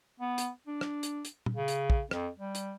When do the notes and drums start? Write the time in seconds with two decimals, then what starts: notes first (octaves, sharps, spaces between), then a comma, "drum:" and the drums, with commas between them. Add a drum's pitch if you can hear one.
0.20 B3
0.38 drum: hi-hat
0.67 D4
0.81 drum: rim click
1.03 drum: hi-hat
1.25 drum: hi-hat
1.46 drum: tom
1.55 C#3
1.68 drum: hi-hat
1.90 drum: kick
2.11 F2, drum: rim click
2.39 G3
2.55 drum: hi-hat